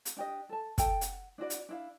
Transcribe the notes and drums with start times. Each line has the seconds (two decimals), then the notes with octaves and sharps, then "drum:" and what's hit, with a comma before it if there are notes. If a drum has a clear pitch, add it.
0.05 drum: hi-hat
0.17 D4 G4 D#5
0.49 A4 A5
0.78 A4 G5 A5, drum: kick, hi-hat
1.01 F#5, drum: hi-hat
1.38 D4 E4 F#4 D5
1.50 drum: hi-hat
1.69 D4 E4 F5